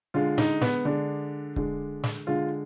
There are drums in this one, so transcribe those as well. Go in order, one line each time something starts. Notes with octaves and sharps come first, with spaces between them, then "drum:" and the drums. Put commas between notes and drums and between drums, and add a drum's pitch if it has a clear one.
D3 G#3 F4
D#4, drum: snare
B3, drum: snare
D3 G#3 D4
D3 G#3, drum: kick
drum: snare
D3 G#3 F4